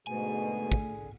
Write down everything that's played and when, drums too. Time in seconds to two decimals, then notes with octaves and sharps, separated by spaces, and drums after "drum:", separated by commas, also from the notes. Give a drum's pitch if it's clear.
0.07 G#2 B2 D3 A3 G#4 G#5
0.72 drum: kick